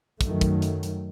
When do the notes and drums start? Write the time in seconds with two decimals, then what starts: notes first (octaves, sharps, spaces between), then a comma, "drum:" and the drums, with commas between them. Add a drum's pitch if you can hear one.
0.21 F#2 D#3 F#3 A3, drum: kick, hi-hat
0.41 drum: kick, hi-hat
0.62 drum: hi-hat
0.83 drum: hi-hat